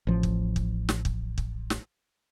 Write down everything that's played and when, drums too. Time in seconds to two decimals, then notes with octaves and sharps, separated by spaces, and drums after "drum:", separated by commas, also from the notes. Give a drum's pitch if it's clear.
0.07 A1 F3
0.23 drum: kick
0.56 drum: kick
0.89 drum: snare
1.05 drum: kick
1.38 drum: kick
1.70 drum: snare